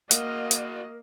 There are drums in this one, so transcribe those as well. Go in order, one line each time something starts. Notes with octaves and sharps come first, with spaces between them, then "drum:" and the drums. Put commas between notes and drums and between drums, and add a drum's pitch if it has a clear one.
A#3 F#4 A#4 D#5 F5, drum: hi-hat
drum: hi-hat